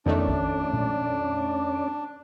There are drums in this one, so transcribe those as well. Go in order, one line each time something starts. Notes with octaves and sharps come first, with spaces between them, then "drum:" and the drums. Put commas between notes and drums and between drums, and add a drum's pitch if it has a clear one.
F2 D#3 A3 C#4 D4 D5, drum: tom D#3
drum: kick A1
drum: tom A#2